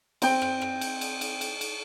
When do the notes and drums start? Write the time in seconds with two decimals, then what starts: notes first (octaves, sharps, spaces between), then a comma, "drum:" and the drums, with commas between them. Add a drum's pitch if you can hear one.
0.22 C4 G5, drum: cymbal
0.42 drum: rim click
0.62 drum: rim click
0.81 drum: cymbal
1.01 drum: cymbal
1.21 drum: cymbal
1.41 drum: cymbal
1.61 drum: cymbal